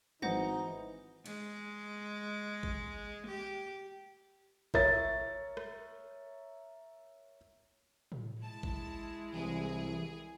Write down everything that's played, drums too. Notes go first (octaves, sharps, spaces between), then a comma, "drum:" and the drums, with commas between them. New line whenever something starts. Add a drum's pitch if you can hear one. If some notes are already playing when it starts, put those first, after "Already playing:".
G#1 E3 D#4 C5 F#5 A#6, drum: tom E3
G#3, drum: cymbal
drum: kick A1
G4
A#4 C#5 E5 A6, drum: kick A1
drum: rim click
drum: tom A2
G#3 E4 A5
drum: kick A1
C2 E3 G#4